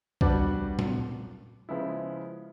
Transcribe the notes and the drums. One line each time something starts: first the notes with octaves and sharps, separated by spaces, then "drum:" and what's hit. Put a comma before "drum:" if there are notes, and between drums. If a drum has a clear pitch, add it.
G3 B3 D4 F#4 B4, drum: kick B1
drum: tom
C#3 F3 G#3 B3 E4